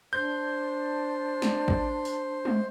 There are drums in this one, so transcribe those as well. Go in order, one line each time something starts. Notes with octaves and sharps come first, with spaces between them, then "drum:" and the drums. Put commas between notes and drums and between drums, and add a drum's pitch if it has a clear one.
D4 C5 G6
drum: snare
drum: kick
drum: open hi-hat
drum: tom G#3